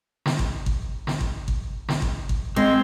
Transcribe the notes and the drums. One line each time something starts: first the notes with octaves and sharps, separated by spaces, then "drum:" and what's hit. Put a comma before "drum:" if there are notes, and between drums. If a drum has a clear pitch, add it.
drum: snare
drum: kick G#1
drum: kick G#1
drum: snare
drum: kick G#1
drum: kick G#1
drum: snare
drum: kick G#1
drum: kick G#1
G#3 C4